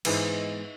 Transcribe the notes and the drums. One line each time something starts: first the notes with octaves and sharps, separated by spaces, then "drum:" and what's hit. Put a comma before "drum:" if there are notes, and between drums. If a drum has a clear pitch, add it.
G#2 E3 G#3 B3, drum: cymbal